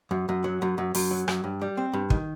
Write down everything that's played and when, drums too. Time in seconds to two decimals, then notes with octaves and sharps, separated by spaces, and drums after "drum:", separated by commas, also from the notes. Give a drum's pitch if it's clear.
0.11 F#2
0.29 F#2
0.44 F#3
0.62 F#2
0.78 F#2
0.95 F#2, drum: open hi-hat
1.11 F#3
1.28 F#2, drum: rim click
1.44 G2
1.61 G3
1.77 C4
1.93 G2
2.10 D#3, drum: kick